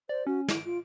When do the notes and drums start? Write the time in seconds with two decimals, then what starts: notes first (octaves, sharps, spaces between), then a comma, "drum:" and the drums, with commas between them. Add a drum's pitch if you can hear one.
0.09 C5 D5
0.27 C#4 F#4
0.48 E4 D7, drum: snare
0.65 F4